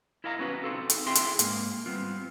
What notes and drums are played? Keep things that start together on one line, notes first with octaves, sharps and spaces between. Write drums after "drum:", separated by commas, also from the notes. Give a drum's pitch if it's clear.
E4 A#4 D#5 F5 F#5 A#5
B3 C#4 F#4 B4
C4 D#4 F4 F#4 A4
drum: hi-hat
C4 E4 G#4 E5 G5 C6
drum: hi-hat
G#2 A#3, drum: hi-hat
G3 B3 C4 F4